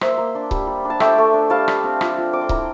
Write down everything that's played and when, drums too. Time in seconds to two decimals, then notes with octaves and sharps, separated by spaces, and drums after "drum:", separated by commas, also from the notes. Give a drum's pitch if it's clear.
0.01 A#3 C5 E5, drum: rim click
0.17 A#3
0.35 D4
0.51 G3, drum: kick C#1
0.67 G3
0.85 D4
0.90 A5
1.00 A3 E5 G5, drum: rim click
1.18 A3
1.34 D4
1.50 G3 F5 A5
1.68 G3, drum: rim click
1.84 C4
2.01 F3, drum: rim click
2.17 F3
2.33 C4 D6
2.41 C6
2.49 E4 G5 A#5, drum: kick C#1